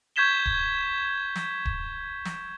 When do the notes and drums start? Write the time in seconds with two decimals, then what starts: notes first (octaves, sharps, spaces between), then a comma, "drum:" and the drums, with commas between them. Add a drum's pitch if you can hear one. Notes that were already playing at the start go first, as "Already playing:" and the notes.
0.16 C#6 G6 G#6 B6 E7 G7
0.46 drum: kick D1
1.36 drum: snare
1.65 drum: kick D1
2.25 drum: snare